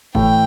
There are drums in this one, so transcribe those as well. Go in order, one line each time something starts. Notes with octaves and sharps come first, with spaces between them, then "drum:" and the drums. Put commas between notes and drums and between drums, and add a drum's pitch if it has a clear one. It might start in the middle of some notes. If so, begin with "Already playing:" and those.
A2 E3 A3 G5, drum: kick G1